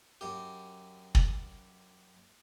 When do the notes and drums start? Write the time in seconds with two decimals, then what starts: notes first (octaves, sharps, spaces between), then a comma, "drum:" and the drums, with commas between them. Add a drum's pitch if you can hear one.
0.21 F#2 G4
1.15 drum: kick